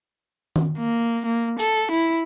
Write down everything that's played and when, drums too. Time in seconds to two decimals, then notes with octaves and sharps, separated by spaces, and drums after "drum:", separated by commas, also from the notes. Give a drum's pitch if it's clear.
0.56 drum: tom D#3
0.78 A#3
1.26 A#3
1.59 A4, drum: hi-hat
1.91 E4